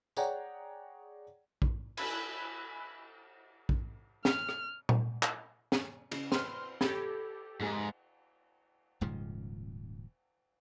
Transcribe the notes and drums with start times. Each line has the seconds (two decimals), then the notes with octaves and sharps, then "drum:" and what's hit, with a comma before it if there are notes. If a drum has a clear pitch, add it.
0.17 G#4 C#5 D5 F#5 G5 A#5, drum: tambourine
1.62 drum: kick A#1
1.97 G#5 B5 E6 F#6, drum: cymbal
3.69 drum: kick A#1
4.25 F6, drum: snare
4.49 drum: rim click
4.89 drum: tom A#2
5.23 drum: clap
5.72 drum: snare
6.11 C#3, drum: cymbal
6.32 C4 B4 C6 F6, drum: snare
6.81 G4 A4 B5 G#6 A#6, drum: snare
7.60 F1 G#2 G#3 G#4
9.01 D#1 G#2 C#3 F3